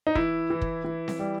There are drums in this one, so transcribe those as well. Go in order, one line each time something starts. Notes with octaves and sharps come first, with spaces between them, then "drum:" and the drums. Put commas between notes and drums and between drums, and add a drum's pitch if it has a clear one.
D#4
E3 E4, drum: kick
E3
drum: kick
E3
drum: snare C4
G3